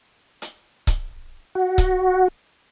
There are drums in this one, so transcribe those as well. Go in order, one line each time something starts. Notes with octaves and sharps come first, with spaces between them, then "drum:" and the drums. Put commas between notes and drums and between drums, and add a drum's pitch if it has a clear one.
drum: hi-hat
drum: kick C#1, hi-hat
F#4
drum: kick C#1, hi-hat